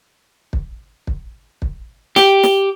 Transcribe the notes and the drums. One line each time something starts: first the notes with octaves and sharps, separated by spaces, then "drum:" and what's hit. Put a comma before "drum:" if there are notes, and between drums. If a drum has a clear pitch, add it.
drum: kick
drum: kick
drum: kick
G4, drum: snare
drum: snare